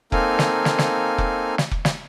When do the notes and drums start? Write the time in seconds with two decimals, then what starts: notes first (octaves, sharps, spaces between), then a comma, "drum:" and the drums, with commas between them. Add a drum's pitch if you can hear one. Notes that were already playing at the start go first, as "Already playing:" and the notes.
0.12 A#3 C4 D#4 A4 F5 G#5, drum: kick F1
0.39 drum: snare
0.65 drum: snare
0.78 drum: snare
1.18 drum: kick F1
1.58 drum: snare
1.71 drum: kick F1
1.85 drum: snare